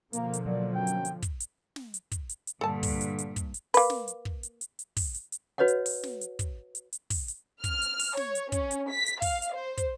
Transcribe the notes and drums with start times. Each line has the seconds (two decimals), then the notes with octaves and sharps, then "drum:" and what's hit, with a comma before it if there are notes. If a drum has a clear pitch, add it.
0.13 B2 D3 F3 A#3, drum: hi-hat
0.33 drum: hi-hat
0.46 F#3 A#3 D5
0.75 F#2 A#3 G5
0.87 drum: hi-hat
1.05 drum: hi-hat
1.23 drum: kick, hi-hat
1.40 drum: hi-hat
1.76 drum: snare
1.94 drum: hi-hat
2.12 drum: kick, hi-hat
2.29 drum: hi-hat
2.47 drum: hi-hat
2.61 G2 A#2 D3 A4 A5
2.83 drum: kick, open hi-hat
3.01 drum: hi-hat
3.18 drum: hi-hat
3.36 drum: kick, hi-hat
3.54 drum: hi-hat
3.74 A#3 B4, drum: open hi-hat
3.90 drum: snare
4.08 drum: hi-hat
4.25 drum: kick
4.43 drum: hi-hat
4.61 drum: hi-hat
4.79 drum: hi-hat
4.97 drum: kick, open hi-hat
5.14 drum: hi-hat
5.32 drum: hi-hat
5.58 F#4 B4 C#5 D#5 F#5
5.68 drum: hi-hat
5.86 drum: open hi-hat
6.03 drum: snare
6.21 drum: hi-hat
6.39 drum: kick, hi-hat
6.75 drum: hi-hat
6.93 drum: hi-hat
7.10 drum: kick, open hi-hat
7.28 drum: hi-hat
7.64 F6, drum: kick, hi-hat
7.82 drum: hi-hat
7.99 drum: open hi-hat
8.17 C#5, drum: snare
8.35 drum: hi-hat
8.52 C#4, drum: kick, hi-hat
8.71 drum: hi-hat
8.92 B6
9.06 drum: hi-hat
9.22 F5, drum: kick, open hi-hat
9.42 drum: hi-hat
9.55 C5
9.78 drum: kick, hi-hat